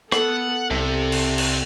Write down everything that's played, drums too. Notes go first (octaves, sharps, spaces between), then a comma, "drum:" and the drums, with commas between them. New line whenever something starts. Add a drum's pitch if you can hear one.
B3 A4 F#5, drum: rim click
C2 C3 A4
drum: cymbal
drum: cymbal